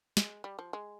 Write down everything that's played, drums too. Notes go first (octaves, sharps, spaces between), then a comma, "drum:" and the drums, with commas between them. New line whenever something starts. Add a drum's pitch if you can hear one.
G#3, drum: snare
G3
F3
G#3